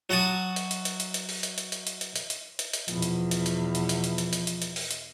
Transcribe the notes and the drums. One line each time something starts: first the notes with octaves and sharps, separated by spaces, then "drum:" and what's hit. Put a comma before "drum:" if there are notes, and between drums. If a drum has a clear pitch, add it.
F#3 F#4 F#5 A5 D#6
drum: hi-hat
drum: hi-hat
drum: hi-hat
drum: hi-hat
drum: hi-hat
drum: open hi-hat
drum: hi-hat
drum: hi-hat
drum: hi-hat
drum: hi-hat
drum: hi-hat
drum: hi-hat
drum: hi-hat
drum: hi-hat
drum: hi-hat
E2 B2 F3, drum: hi-hat
drum: hi-hat
drum: hi-hat
drum: hi-hat
drum: hi-hat
drum: hi-hat
drum: hi-hat
drum: hi-hat
drum: hi-hat
drum: hi-hat
drum: hi-hat
drum: open hi-hat
drum: hi-hat